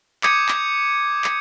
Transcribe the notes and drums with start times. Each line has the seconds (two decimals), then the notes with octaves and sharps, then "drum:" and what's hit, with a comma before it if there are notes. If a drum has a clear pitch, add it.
0.23 D6 D#6 G6 G#6 C#7 D#7, drum: clap
0.49 drum: clap
1.24 drum: clap